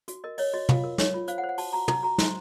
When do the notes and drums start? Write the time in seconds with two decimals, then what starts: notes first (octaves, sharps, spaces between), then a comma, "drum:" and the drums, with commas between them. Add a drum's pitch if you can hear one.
0.08 F#4, drum: hi-hat
0.24 A#4 D#5
0.38 C#5 D#5, drum: open hi-hat
0.54 F#4 D#5
0.69 F4 F5, drum: tom
0.84 A#4
0.98 C#5, drum: snare
1.14 F4
1.28 C5 F5, drum: hi-hat
1.38 F#5
1.44 C5
1.49 F#5
1.58 F#4 A5, drum: open hi-hat
1.73 F#4 A#5
1.88 D#4 A#5, drum: tom
2.03 F#4 A#5
2.18 C5 C6, drum: snare